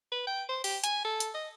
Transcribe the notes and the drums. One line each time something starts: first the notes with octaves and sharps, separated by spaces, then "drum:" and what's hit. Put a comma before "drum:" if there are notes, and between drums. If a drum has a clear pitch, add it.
B4
G5
C5
G4, drum: open hi-hat
G#5, drum: hi-hat
A4
drum: hi-hat
D#5